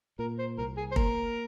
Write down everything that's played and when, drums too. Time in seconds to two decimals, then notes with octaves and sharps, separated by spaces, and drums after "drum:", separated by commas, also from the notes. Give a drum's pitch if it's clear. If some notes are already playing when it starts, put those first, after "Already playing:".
0.19 A#2 A#4
0.39 C5
0.58 C2 A#4
0.77 G#4
0.92 C5
0.96 A#3 A#4, drum: kick